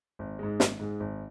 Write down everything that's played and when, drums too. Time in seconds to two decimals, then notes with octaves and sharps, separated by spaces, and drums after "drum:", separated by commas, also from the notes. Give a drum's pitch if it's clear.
0.19 G#1
0.39 G#2 G#3
0.60 G#1, drum: snare
0.79 G#2 G#3
1.00 G#1